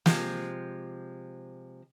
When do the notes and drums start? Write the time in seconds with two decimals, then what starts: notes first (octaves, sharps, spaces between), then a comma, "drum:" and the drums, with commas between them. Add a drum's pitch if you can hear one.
0.06 C3 F3 G#3, drum: snare